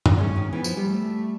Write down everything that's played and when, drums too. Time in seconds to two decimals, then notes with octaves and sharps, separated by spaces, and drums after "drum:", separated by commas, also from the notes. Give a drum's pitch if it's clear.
0.06 drum: tom
0.18 G#3 C#4
0.36 D#3
0.53 E3 B3
0.64 F3, drum: tambourine
0.77 G3
0.88 A3